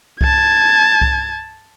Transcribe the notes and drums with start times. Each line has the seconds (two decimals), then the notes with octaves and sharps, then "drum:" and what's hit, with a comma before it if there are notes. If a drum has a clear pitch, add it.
0.21 A5 G#6, drum: kick C2
1.01 drum: kick C2